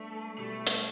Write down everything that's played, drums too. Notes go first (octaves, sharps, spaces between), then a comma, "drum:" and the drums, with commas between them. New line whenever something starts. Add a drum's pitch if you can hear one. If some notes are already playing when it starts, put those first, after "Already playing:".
Already playing: G3 A3 B3 D4
B2 G3 A3 E4 G4
drum: hi-hat